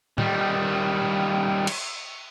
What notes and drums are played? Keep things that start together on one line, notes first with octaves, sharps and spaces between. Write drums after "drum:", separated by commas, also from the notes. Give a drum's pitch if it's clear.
D#3 G3, drum: tom A2
drum: cymbal